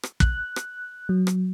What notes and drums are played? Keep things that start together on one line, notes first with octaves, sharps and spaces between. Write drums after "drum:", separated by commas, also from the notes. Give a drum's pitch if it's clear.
drum: rim click
F#6, drum: kick
drum: rim click
F#3
drum: rim click